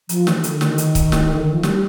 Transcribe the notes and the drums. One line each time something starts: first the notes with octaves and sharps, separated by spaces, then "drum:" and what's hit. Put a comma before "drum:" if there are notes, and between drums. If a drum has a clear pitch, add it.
F3, drum: hi-hat
D#3, drum: snare
D#3
D3, drum: hi-hat
D#3, drum: snare
drum: hi-hat
drum: kick C#1, hi-hat
drum: snare
D3
D#3
F3
G3, drum: snare